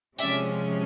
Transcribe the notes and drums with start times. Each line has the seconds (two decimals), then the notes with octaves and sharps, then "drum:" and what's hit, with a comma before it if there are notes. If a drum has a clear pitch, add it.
0.19 C3 F3 G#3 C#4 D5 E5, drum: hi-hat